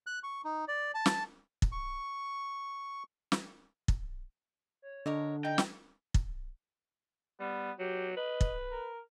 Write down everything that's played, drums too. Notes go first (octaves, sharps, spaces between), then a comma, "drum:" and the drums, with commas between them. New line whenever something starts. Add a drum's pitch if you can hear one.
F#6
C#6
D#4
D5
A5
drum: snare
drum: kick
C#6
drum: snare
drum: kick
C#5
D3 D4 A#4 C#5 D#5
D#4 G5
drum: snare
drum: kick
G3 B3
F#3 G4
B4 D#5
drum: kick
A#4